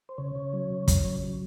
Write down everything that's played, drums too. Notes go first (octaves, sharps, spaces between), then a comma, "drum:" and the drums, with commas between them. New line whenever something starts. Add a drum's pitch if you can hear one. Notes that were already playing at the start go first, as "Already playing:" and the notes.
C5
C#3 C#5
C#3
F#3
C#3
F#3, drum: kick, hi-hat
C#3
F#3